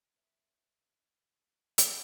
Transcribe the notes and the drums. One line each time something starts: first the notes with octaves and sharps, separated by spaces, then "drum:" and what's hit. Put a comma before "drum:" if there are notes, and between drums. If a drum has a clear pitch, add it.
B4 C#5 D#5 E5
drum: hi-hat